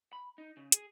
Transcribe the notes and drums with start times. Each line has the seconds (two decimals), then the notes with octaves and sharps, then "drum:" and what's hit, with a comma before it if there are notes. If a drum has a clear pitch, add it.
0.13 B5
0.38 D#4
0.57 C#3
0.72 G#4, drum: hi-hat